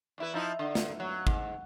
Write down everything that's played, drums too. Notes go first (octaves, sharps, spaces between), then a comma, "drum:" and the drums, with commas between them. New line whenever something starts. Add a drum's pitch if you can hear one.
E2 E4 B4
F3 D#4 E4
D3
drum: snare
F#3
G#2, drum: kick